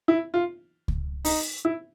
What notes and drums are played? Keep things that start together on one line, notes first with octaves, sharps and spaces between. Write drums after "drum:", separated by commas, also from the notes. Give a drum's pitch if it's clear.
E4
F4
drum: kick C#2
D#4, drum: open hi-hat
E4